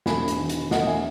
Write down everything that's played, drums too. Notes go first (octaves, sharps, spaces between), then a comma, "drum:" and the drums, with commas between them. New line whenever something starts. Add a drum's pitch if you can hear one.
E1 G#5 B5, drum: snare
drum: hi-hat
D#3
drum: hi-hat
E1 D#5 F#5, drum: snare
E5 G#5